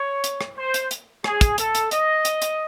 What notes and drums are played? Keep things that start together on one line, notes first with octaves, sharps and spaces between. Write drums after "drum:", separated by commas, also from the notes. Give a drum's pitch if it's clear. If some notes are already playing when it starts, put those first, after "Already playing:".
Already playing: C#5
drum: hi-hat
drum: rim click
C5
drum: hi-hat
drum: hi-hat
G#4, drum: rim click
drum: kick, hi-hat
A4, drum: hi-hat
drum: hi-hat
D#5, drum: hi-hat
drum: hi-hat
drum: hi-hat